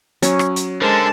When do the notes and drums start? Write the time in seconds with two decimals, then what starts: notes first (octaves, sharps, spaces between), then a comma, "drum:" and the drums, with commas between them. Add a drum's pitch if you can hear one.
0.22 F#3 C#4, drum: hi-hat
0.39 drum: rim click
0.56 drum: hi-hat
0.82 D3 G#3 A#4 C5 A5